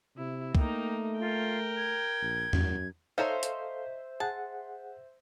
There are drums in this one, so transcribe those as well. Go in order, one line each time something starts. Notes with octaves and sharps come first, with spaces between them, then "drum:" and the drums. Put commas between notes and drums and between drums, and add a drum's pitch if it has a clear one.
C3 E4
A3 A#3 D#4 G5, drum: kick
F4 A#4 G5
G#6
A#1
F#2, drum: tom E2
D#4 A4 C5 C#5 E5 F5 A#5
drum: hi-hat
G#4 F#5 A5